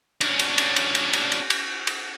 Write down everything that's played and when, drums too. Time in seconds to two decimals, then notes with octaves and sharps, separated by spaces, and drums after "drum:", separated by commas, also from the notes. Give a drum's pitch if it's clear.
0.21 C#4 D4, drum: cymbal
0.39 drum: cymbal
0.58 drum: cymbal
0.76 drum: cymbal
0.95 drum: cymbal
1.13 drum: cymbal
1.32 drum: cymbal
1.50 drum: cymbal
1.87 drum: cymbal